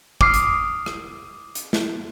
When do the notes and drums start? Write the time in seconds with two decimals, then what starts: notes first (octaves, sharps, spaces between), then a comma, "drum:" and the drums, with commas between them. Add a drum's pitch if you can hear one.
0.21 D6 D#6 F6 C7, drum: kick
0.34 drum: hi-hat
0.86 drum: rim click
1.55 drum: hi-hat
1.73 drum: snare